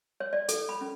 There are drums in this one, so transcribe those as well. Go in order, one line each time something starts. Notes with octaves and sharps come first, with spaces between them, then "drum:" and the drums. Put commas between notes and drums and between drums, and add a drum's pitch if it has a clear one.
C#5
D5
A4, drum: hi-hat
B5
C#4